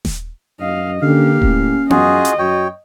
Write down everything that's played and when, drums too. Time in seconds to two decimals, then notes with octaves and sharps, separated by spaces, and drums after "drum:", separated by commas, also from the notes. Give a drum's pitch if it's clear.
0.05 drum: snare D#1
0.60 F#2 D#5 F5
1.02 D3 A#3 C#4 G4 F5
1.42 A2 C#4, drum: kick D#1
1.90 F#2 F4 F#4 G#4 D#5, drum: tom B3
2.25 drum: hi-hat
2.39 F#2 F#4 C#5 G5